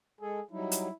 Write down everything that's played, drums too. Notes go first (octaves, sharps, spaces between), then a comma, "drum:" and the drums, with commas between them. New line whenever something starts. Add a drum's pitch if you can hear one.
G#3 G#4 A4
F#3 G3 D#4 E4
drum: hi-hat